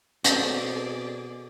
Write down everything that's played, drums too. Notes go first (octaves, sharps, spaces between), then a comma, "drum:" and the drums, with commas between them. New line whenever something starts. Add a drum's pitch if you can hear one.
B2 C4 G#4 A4 D5, drum: hi-hat